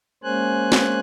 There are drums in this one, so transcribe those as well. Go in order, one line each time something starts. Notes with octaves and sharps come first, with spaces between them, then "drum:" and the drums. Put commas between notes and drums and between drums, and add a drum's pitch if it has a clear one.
G#3 A#3 C#4 C5 G#5 F#6
drum: snare